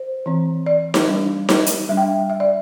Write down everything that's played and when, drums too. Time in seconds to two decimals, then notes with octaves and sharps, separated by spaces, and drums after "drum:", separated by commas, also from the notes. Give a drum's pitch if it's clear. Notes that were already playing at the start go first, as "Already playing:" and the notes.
Already playing: C5
0.26 E3 C4
0.66 D5
0.94 drum: snare D#4
1.07 G3 D4
1.49 drum: snare D#4
1.66 drum: hi-hat
1.89 G3 D4 E5
1.97 G5
2.02 E5
2.30 E5
2.40 D5